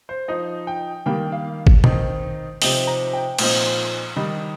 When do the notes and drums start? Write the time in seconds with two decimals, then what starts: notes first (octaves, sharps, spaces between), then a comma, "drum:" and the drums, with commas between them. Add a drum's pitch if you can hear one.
0.09 C5
0.28 F3 D#4 D#5
0.67 G5
1.06 D#3 G3 A#3 G5
1.32 F5
1.67 drum: kick G#1
1.84 D#3 C4 D#4, drum: tom
2.62 C3 F3 C4 D#4 G5, drum: open hi-hat
2.87 A#5
3.13 G5
3.39 A#2 F3 C4 D#4 C5, drum: cymbal
4.16 D#3 G3 D#4